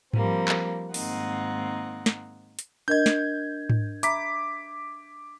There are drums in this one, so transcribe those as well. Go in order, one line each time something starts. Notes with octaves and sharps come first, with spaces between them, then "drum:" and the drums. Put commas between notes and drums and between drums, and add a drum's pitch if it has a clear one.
F3 G3 A#3 C4, drum: tom G#2
drum: clap
G#2 D#3 A#3 C4 D#4 F#5, drum: open hi-hat
drum: snare
drum: hi-hat
D4 A#4 D#5 G6 G#6
drum: snare
drum: tom G#2
E5 A#5 B5 D6 B6, drum: hi-hat